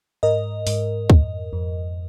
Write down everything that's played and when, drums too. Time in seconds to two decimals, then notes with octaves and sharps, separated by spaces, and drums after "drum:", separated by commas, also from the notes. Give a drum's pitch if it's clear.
0.23 G#2 A#4 D#5
0.67 G#2, drum: open hi-hat
1.10 F2, drum: kick
1.53 F2